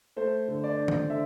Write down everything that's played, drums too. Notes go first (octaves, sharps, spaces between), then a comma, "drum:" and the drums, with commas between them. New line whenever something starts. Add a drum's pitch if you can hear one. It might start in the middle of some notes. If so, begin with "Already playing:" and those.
A3 C5
D3
D5
D4
drum: tom
D3 E5